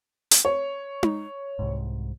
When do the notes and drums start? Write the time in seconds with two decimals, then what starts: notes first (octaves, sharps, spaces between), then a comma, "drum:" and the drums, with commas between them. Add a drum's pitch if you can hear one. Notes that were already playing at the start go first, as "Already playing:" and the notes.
0.31 drum: hi-hat
0.45 C#5
1.03 drum: tom D#4
1.59 C2 G#2